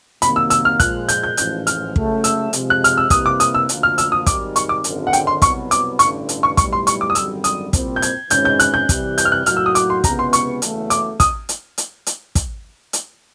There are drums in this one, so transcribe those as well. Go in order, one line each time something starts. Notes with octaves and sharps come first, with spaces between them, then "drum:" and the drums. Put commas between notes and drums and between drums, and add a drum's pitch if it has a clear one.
C3 D#3 F#3 A#3 B5, drum: hi-hat
E6
E6, drum: hi-hat
F6
A#2 F3 G#3 F#6, drum: kick, hi-hat
G6, drum: hi-hat
G6
A1 G#2 F3 G6, drum: hi-hat
F6, drum: hi-hat
C#2 C#3 F#3 A3, drum: kick
E6, drum: hi-hat
C3 F3 G#3, drum: hi-hat
F#6
F6, drum: hi-hat
E6
C2 C3 E3 G3 A#3 D#6, drum: kick, hi-hat
D6
D#6, drum: hi-hat
E6
D2 D3 F3 A#3, drum: hi-hat
F6
E6, drum: hi-hat
D#6
G#1 G#2 D#3 G3 D6, drum: kick, hi-hat
C#6, drum: hi-hat
D6
G#1 F#2 D3, drum: hi-hat
F#5
G5, drum: hi-hat
C6
C2 B2 F#3 B3 C#6, drum: kick, hi-hat
D6, drum: hi-hat
A1 G2 D3 C#6, drum: hi-hat
drum: hi-hat
C#6
B1 A2 E3 G3 C#6, drum: kick, hi-hat
C6
C#6, drum: hi-hat
D6
D#6
G#1 F#2 D3 G3 E6, drum: hi-hat
D#6, drum: hi-hat
C2 A#2 G3 C4, drum: kick, hi-hat
G6
G#6, drum: hi-hat
G#1 G#2 E3 G#3 C#4 G6, drum: hi-hat
G6
F#6, drum: hi-hat
G6
C3 E3 G3, drum: kick, hi-hat
G6, drum: hi-hat
F6
F#6
A2 F#3 A#3 D#4 F#4 F6, drum: hi-hat
E6
D#6
D6, drum: hi-hat
C6
C#2 C3 E3 G#3 B3 A#5, drum: kick, hi-hat
C6
C#6, drum: hi-hat
F#1 E2 C#3 F#3 A3, drum: hi-hat
D6, drum: hi-hat
D#6, drum: kick, hi-hat
drum: hi-hat
drum: hi-hat
drum: hi-hat
drum: kick, hi-hat
drum: hi-hat